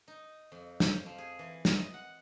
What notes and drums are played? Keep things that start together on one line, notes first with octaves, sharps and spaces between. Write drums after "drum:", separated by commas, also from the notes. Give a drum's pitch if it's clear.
D#4
F2
C5, drum: snare
F3
G#4
E3
drum: snare
D#5
F#5